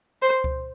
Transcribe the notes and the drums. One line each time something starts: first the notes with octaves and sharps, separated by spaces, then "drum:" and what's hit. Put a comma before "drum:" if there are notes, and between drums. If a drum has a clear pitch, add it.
C5
drum: kick C#2